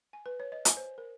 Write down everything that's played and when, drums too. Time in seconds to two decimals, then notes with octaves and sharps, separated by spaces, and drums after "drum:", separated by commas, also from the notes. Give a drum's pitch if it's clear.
0.13 G#5
0.26 B4
0.40 C#5
0.52 D#5
0.65 G#5, drum: hi-hat
0.77 C5
0.98 A#4